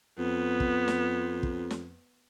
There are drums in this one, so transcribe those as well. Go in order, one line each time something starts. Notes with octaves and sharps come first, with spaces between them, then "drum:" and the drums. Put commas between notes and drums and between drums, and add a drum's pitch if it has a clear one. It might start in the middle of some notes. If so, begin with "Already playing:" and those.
F2 B3
drum: kick
drum: snare
drum: kick
drum: snare